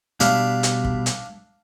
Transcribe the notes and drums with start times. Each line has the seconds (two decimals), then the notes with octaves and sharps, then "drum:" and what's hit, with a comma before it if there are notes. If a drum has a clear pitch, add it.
0.20 B2 G3 D4 E5 F5, drum: hi-hat
0.63 drum: hi-hat
0.84 drum: kick
1.06 drum: hi-hat